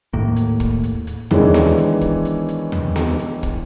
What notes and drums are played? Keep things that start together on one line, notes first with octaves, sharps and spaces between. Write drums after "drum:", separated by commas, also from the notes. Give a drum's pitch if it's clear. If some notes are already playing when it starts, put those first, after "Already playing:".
D#2 A2 A#3
drum: hi-hat
drum: kick, hi-hat
drum: hi-hat
drum: hi-hat
D#3 E3 G#3 B3 D4 C#5, drum: tom D#2
drum: snare B3
drum: hi-hat
drum: kick, hi-hat
drum: hi-hat
drum: hi-hat
drum: tom D#2
drum: snare B3
drum: hi-hat
drum: kick, hi-hat